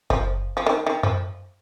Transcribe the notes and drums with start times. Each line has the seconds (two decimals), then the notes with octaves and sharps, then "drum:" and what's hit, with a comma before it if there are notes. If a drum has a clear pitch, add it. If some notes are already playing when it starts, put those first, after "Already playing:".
0.10 F3, drum: kick F#1
0.57 F3
0.66 D#3
0.86 D#3
1.03 F3, drum: tom F#2